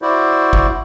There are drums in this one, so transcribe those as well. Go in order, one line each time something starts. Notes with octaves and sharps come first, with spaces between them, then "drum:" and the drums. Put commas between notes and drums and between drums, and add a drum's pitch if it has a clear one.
E4 F#4 C5 D5
drum: kick